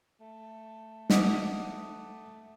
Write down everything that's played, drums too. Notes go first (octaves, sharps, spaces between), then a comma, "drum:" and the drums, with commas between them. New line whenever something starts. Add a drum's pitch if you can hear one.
A3
F#5 D6 D#6, drum: snare